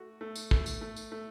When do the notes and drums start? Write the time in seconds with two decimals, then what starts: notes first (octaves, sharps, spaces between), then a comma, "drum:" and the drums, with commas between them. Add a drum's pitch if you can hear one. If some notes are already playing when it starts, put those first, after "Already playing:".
Already playing: A3 F#4
0.21 A3
0.36 drum: tambourine
0.51 A3, drum: kick
0.66 drum: tambourine
0.81 A3
0.96 drum: tambourine
1.12 A3